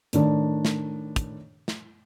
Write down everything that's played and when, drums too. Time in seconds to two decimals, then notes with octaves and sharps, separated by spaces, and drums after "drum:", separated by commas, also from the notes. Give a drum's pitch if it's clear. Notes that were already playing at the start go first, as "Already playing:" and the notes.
0.13 A2 D#3 D4, drum: hi-hat
0.65 drum: snare
1.16 drum: kick, hi-hat
1.68 drum: snare